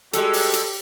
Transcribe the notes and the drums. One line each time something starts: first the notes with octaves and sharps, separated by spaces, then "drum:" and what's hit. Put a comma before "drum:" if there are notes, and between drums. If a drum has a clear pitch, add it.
G3 G#3 F#4 G4 A4 E6, drum: hi-hat
drum: open hi-hat
drum: hi-hat